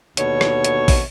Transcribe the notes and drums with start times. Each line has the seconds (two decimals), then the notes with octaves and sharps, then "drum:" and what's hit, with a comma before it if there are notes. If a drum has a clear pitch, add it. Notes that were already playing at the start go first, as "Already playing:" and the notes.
0.17 D#2 B2 D3 C#5, drum: hi-hat
0.41 drum: rim click
0.64 drum: hi-hat
0.88 drum: kick, open hi-hat